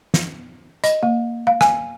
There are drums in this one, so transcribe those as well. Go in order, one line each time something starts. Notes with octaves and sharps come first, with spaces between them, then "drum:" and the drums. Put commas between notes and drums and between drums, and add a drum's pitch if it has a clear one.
drum: snare
D#5, drum: hi-hat
A#3
F5
G#5, drum: rim click